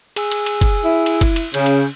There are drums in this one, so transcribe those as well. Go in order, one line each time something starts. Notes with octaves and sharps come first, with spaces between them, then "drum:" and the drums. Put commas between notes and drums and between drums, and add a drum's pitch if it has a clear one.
G#4 G#5 E6, drum: cymbal
drum: cymbal
drum: cymbal
drum: kick, cymbal
E4
drum: cymbal
drum: kick, cymbal
drum: cymbal
C#3 G6, drum: cymbal
drum: cymbal